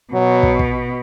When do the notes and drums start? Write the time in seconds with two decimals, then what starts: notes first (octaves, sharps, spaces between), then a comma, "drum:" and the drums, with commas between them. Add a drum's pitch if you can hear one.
0.13 B2 F#3
0.43 drum: kick
0.59 drum: kick